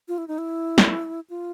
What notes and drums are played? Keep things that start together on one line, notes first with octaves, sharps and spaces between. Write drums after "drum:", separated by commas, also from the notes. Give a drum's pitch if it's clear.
F4
E4
D#4
E4
drum: snare
F4